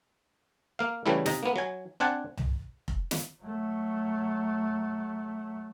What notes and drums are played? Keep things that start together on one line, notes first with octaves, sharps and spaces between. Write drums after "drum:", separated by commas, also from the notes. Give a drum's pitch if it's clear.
A#3 F5
C#3 E3 G3 A3 E4
C3 D#4 A#5, drum: snare
A#3 B3
F#3 G#5
C4 D4 F#5 G#5 A5
drum: tom C2
drum: kick F1
drum: snare
F#3 A3